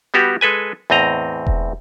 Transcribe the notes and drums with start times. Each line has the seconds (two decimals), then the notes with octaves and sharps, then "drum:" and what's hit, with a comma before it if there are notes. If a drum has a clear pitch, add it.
0.14 G3 B3 F#4 G4
0.41 G#3 A4 B4 G#5
0.90 E2 A2 C4 D#5 A#5
1.47 drum: kick E1